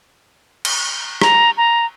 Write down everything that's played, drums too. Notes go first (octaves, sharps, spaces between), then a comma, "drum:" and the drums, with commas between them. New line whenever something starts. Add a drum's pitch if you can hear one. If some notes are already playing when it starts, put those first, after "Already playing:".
drum: cymbal
A#5, drum: rim click
A#5